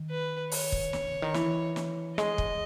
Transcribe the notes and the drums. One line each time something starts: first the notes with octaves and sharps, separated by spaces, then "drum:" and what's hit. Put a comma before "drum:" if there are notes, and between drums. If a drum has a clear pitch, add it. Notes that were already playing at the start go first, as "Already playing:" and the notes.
Already playing: D#3
B4
C#5, drum: open hi-hat
drum: kick
drum: snare
C#3
D#3
E3, drum: snare
drum: snare
G#3 D#5, drum: snare
drum: kick